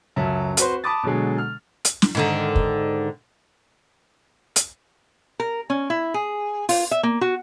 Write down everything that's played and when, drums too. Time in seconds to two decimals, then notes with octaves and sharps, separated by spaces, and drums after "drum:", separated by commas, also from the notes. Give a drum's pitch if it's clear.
0.16 C#2 F#2 F#3 E5 A5
0.57 C4 F#4 B4 C5, drum: hi-hat
0.84 A5 B5 D6 D#6 A6
1.03 B2 D3 F#3 G#3
1.38 F6
1.85 drum: hi-hat
2.02 drum: snare
2.15 G#2 D3 D#3
2.55 drum: kick
4.56 drum: hi-hat
5.40 A#4
5.70 C#4
5.90 E4
6.14 G#4
6.69 F4, drum: open hi-hat
6.91 E5
7.03 A#3
7.21 F#4